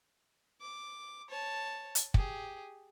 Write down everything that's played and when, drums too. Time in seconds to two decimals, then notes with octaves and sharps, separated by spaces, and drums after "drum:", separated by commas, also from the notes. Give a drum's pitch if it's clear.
0.61 D6
1.29 C#5 A5
1.95 drum: hi-hat
2.14 G4 G#4, drum: kick